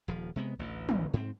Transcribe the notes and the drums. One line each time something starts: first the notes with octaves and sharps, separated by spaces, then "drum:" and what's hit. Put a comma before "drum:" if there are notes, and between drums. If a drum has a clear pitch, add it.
D#1 F3
C3 G#3 B3
A1 D2
drum: tom
G#2 C4